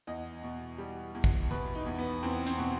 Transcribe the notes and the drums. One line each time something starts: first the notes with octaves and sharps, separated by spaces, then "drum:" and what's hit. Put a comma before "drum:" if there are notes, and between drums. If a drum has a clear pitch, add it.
E2 D#5
B2
G3
E2
drum: kick A#1
B2 B4
D#4
E2
B3
E2 C4
C4, drum: hi-hat
B2